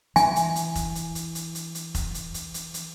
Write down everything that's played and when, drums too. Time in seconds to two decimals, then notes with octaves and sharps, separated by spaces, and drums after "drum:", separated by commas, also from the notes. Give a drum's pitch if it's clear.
0.16 E3 G#5, drum: hi-hat
0.36 drum: hi-hat
0.56 drum: hi-hat
0.75 drum: kick F1, hi-hat
0.95 drum: hi-hat
1.15 drum: hi-hat
1.35 drum: hi-hat
1.55 drum: hi-hat
1.75 drum: hi-hat
1.95 drum: kick F1, hi-hat
2.14 drum: hi-hat
2.34 drum: hi-hat
2.54 drum: hi-hat
2.74 drum: hi-hat